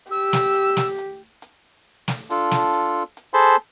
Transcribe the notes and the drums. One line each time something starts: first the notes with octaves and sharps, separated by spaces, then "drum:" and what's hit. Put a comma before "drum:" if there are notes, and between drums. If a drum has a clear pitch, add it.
G4 E6
drum: snare
drum: hi-hat
drum: snare
drum: hi-hat
drum: hi-hat
drum: snare
D4 F4 A4, drum: hi-hat
drum: snare
drum: hi-hat
drum: hi-hat
G#4 A4 C5 A5 B5 C6